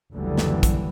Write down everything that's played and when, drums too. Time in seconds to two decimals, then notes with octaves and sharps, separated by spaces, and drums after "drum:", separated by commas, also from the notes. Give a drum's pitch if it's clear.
0.12 F#1 D2 D3 E3 G3
0.38 drum: snare
0.63 drum: kick, hi-hat